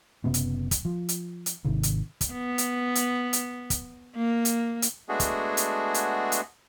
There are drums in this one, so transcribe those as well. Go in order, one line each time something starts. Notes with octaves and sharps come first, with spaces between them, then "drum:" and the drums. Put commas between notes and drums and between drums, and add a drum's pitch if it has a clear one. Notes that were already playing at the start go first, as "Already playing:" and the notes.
F#1 C3 B3 C#4
drum: hi-hat
drum: kick, hi-hat
F3
drum: hi-hat
drum: hi-hat
G#1 C3 D#3
drum: hi-hat
drum: kick, hi-hat
B3
drum: hi-hat
drum: hi-hat
drum: hi-hat
drum: kick, hi-hat
A#3
drum: hi-hat
drum: hi-hat
G#3 A3 B3 D4 F#4 G#4
drum: kick, hi-hat
drum: hi-hat
drum: hi-hat
drum: hi-hat